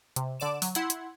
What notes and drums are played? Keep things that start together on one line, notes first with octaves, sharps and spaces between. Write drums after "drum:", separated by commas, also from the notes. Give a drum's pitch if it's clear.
C3, drum: hi-hat
D3 D5 D6 E7
F#3, drum: open hi-hat
E4 F#5 C6 G#6, drum: hi-hat
drum: hi-hat